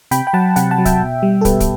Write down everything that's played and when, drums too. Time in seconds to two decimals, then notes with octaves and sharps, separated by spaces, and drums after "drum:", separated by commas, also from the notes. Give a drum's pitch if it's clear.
0.11 C3 G5 B5, drum: hi-hat
0.27 G5
0.33 F#3 F#5 A5
0.56 C3 F#5 A5, drum: hi-hat
0.71 F#5 A5
0.78 F#3
0.85 E5 G5, drum: kick, hi-hat
1.01 B2
1.23 G3
1.41 A4
1.45 B2 G4 B4, drum: kick, hi-hat
1.60 drum: kick, hi-hat